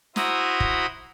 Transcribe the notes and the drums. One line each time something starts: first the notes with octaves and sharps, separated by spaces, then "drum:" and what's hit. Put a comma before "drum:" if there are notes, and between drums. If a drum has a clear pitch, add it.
E4 F#4 C5 E5 A#5 D#6, drum: snare
drum: kick